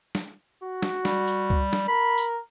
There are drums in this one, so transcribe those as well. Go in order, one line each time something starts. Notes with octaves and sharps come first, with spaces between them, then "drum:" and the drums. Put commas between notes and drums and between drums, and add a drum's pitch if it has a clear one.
drum: snare
F#4
drum: snare
G3, drum: snare
drum: tambourine
drum: kick C#2
drum: snare
A#4 B5
drum: tambourine